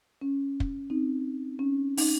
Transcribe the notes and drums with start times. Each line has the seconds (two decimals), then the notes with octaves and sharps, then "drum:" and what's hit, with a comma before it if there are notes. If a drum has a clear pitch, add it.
0.21 C#4
0.60 drum: kick
0.90 C4 D#4
1.59 C#4
1.97 D#4, drum: open hi-hat